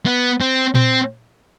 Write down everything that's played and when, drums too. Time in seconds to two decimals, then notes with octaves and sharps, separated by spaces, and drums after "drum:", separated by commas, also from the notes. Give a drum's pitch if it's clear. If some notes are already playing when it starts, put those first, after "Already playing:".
0.06 B3
0.41 C4
0.75 C4, drum: tom A#2